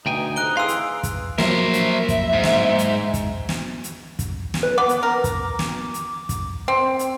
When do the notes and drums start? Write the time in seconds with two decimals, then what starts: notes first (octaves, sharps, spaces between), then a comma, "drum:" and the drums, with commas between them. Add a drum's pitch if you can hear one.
0.06 D2 B2 D#4 G5 G#5
0.36 F2 C3 D#4 F#6 D7 G7
0.57 E3 G#4 F5 C6 E6
0.68 drum: hi-hat
1.03 drum: kick, hi-hat
1.38 F3 F#3 A#3 A#4 C5 E5, drum: snare
1.73 drum: hi-hat
2.08 drum: kick, hi-hat
2.33 G#2
2.44 drum: snare
2.79 drum: hi-hat
3.14 drum: kick, hi-hat
3.49 drum: snare
3.84 drum: hi-hat
4.19 drum: kick, hi-hat
4.54 drum: snare
4.63 B4
4.78 B3 D6
4.89 drum: hi-hat
5.03 A#4
5.24 drum: kick, hi-hat
5.59 drum: snare
5.94 drum: hi-hat
6.29 drum: kick, hi-hat
6.68 C4
6.99 drum: hi-hat